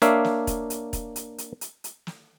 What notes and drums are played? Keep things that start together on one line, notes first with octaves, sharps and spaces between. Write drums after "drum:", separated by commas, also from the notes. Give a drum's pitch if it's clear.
A#3 D4 C#5 E5 F5, drum: hi-hat
drum: snare
drum: kick, hi-hat
drum: hi-hat
drum: kick, hi-hat
drum: hi-hat
drum: hi-hat
drum: hi-hat
drum: hi-hat
drum: snare